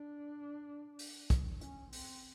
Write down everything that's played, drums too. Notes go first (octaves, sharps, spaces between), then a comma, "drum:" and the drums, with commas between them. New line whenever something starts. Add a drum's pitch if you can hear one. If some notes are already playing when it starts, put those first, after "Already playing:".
Already playing: D4
drum: open hi-hat
drum: kick, hi-hat
C#4, drum: hi-hat
C4, drum: open hi-hat